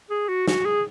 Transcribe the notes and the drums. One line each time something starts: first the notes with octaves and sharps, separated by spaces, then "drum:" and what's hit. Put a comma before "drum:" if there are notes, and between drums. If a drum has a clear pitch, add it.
G#4
F#4
F#4, drum: snare
G#4